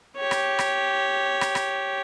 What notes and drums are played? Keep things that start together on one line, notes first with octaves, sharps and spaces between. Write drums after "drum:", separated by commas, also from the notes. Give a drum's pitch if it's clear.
G4 C#5
drum: rim click
drum: rim click
drum: rim click
drum: rim click